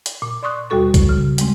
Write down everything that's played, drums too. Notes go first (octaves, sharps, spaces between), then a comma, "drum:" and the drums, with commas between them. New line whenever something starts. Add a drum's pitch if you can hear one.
drum: hi-hat
A#2
D5 C6 C#6 D#6 F#6
D#2 B2 G3 F#4 A4 C#6
drum: kick B1, hi-hat
C#3
G3 G#3 C4, drum: hi-hat